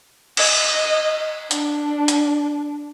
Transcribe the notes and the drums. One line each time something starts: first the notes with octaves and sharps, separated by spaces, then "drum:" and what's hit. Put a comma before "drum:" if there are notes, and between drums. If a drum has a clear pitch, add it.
D#5, drum: cymbal
D4, drum: hi-hat
drum: hi-hat